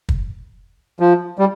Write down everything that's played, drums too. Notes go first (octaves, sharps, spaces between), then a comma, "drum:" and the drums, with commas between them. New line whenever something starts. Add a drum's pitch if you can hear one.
drum: kick
F3
G3